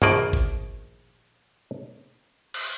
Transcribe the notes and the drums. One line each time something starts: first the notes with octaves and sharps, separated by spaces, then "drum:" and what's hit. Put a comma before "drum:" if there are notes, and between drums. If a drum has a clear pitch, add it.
A#1 B2 D#3 A#3 D5 D#5, drum: tom G2
drum: kick G#1
drum: cymbal